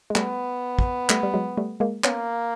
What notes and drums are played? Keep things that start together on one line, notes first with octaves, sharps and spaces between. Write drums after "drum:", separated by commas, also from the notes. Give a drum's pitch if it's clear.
G#3
G3 A3 B3, drum: clap
drum: kick
G3 A3, drum: clap
G3
F#3 G#3
G3 A3
G#3 A#3
A#3 B3 C#4, drum: clap